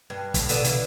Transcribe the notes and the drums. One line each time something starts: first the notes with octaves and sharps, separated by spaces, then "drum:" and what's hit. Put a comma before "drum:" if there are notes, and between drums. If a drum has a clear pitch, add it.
G2
A2, drum: kick, hi-hat
B2 D3, drum: hi-hat
C#3 E3, drum: hi-hat